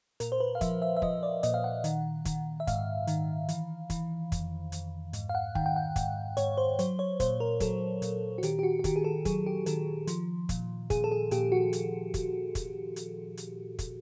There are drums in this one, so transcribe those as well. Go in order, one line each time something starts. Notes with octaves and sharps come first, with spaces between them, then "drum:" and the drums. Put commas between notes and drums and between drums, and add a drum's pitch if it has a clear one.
A#2 A#4, drum: hi-hat
C5
B4
F5
F3 E5, drum: kick, hi-hat
E5
E5
F3 D#5, drum: kick
D5
A#2 D#5, drum: hi-hat
F5
F#5
D#3, drum: hi-hat
D#3, drum: kick, hi-hat
E5
G#2 F5, drum: kick, hi-hat
D#3, drum: hi-hat
E3, drum: hi-hat
E3, drum: kick, hi-hat
F2, drum: kick, hi-hat
F2, drum: hi-hat
G#2, drum: hi-hat
F5
F#5
D#3 G5, drum: kick
G5
F#5
G#2 F#5, drum: kick, hi-hat
G#2 C#5, drum: hi-hat
C5
F#3 C5, drum: hi-hat
C#5
A#2 C5, drum: kick, hi-hat
A#4
F#3 A4, drum: kick, hi-hat
A#2, drum: hi-hat
F#4
D#3 G4, drum: hi-hat
G4
F#4
F#4
D#3 G4, drum: kick, hi-hat
G#4
A4
F#3 G#4, drum: kick, hi-hat
G4
D#3 A4, drum: hi-hat
F3, drum: hi-hat
A#2, drum: kick, hi-hat
A#2 G#4, drum: kick, hi-hat
A4
G#4
A#2 G4, drum: hi-hat
F#4
drum: hi-hat
drum: kick, hi-hat
drum: kick, hi-hat
drum: hi-hat
drum: hi-hat
drum: kick, hi-hat